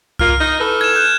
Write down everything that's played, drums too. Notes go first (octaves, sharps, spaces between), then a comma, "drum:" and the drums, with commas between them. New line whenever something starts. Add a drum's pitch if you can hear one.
A#3 F4 F6, drum: kick C2
D#4
E3 A4 B4
G#6 E7
F#6 G6 E7